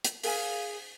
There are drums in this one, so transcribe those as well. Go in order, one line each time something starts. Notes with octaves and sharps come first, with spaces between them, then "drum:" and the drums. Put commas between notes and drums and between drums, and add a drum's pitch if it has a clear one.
drum: hi-hat
G#4 A#4 F5 G#5, drum: open hi-hat